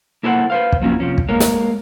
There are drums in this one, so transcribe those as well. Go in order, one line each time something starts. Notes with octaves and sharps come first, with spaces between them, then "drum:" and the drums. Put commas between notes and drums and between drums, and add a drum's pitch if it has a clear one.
A#3 E4 A4 C5 F#5
B4 C5 F5
drum: kick
F3 F#3 A#3 C#4 E4
C3 F3 C#4
drum: kick
G#3 A#3 A#4 C#5
drum: snare